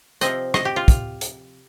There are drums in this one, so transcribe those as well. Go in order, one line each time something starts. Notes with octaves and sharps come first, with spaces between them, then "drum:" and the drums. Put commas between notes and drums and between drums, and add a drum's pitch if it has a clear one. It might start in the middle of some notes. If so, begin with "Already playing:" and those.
C3 F3 C4 D#5, drum: hi-hat
D#5, drum: rim click
G4
F4
drum: kick, hi-hat
drum: hi-hat